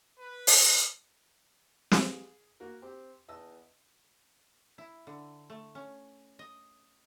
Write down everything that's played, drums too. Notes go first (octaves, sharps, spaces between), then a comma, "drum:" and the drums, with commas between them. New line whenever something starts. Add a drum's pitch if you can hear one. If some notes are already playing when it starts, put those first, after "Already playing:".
B4
drum: open hi-hat
drum: snare
G#4
A#3 F#4 A#4
C4 G4
E2 D#5 A5 E6
E4
D3
A3
C#4
D#5